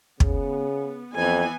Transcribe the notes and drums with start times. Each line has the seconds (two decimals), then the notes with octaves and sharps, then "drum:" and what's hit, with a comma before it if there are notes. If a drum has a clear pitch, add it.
0.20 C#3 B3, drum: kick
1.16 F2 E3 B3 G#5